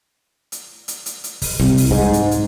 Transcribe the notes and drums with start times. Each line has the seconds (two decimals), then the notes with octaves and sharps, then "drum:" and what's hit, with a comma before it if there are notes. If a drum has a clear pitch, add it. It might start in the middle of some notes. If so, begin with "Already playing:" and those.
0.52 drum: hi-hat
0.88 drum: hi-hat
1.06 drum: hi-hat
1.24 drum: hi-hat
1.42 drum: kick, open hi-hat
1.60 C2, drum: rim click
1.78 drum: open hi-hat
1.91 G#2
2.13 drum: hi-hat
2.31 drum: hi-hat